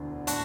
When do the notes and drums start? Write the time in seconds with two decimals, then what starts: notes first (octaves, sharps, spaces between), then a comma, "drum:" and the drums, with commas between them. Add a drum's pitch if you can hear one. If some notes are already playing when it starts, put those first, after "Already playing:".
Already playing: E1 D2 D3
0.27 A2 D4 F#4, drum: hi-hat